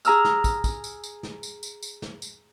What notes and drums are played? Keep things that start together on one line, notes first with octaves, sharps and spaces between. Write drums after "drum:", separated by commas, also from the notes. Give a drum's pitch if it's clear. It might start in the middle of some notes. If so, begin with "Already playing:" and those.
G#4 A#5 E6 F6, drum: tambourine
drum: snare
drum: kick, tambourine
drum: kick, tambourine
drum: tambourine
drum: tambourine
drum: snare
drum: tambourine
drum: tambourine
drum: tambourine
drum: snare
drum: tambourine